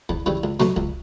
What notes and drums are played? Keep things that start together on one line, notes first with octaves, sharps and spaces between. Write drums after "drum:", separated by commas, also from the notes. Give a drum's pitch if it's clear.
E2, drum: kick
C#3 E3 G3
C#2
B2 F#3 A3 C#4, drum: snare
C#2, drum: kick